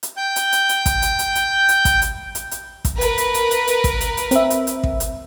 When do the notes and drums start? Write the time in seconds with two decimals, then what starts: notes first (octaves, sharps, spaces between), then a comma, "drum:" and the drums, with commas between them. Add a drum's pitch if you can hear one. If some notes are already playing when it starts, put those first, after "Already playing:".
0.03 drum: hi-hat
0.17 G5 G6
0.36 drum: hi-hat
0.52 drum: hi-hat
0.69 drum: hi-hat
0.86 drum: kick, hi-hat
1.02 drum: hi-hat
1.19 drum: hi-hat
1.35 drum: hi-hat
1.68 drum: hi-hat
1.85 drum: kick, hi-hat
2.02 drum: hi-hat
2.35 drum: hi-hat
2.51 drum: hi-hat
2.85 drum: kick, hi-hat
3.01 A#4 B4, drum: hi-hat
3.18 drum: hi-hat
3.34 drum: hi-hat
3.51 drum: hi-hat
3.67 drum: hi-hat
3.84 drum: kick, hi-hat
4.01 drum: hi-hat
4.17 drum: hi-hat
4.31 C4 E5, drum: hi-hat
4.50 drum: hi-hat
4.67 drum: hi-hat
4.84 drum: kick
5.00 drum: hi-hat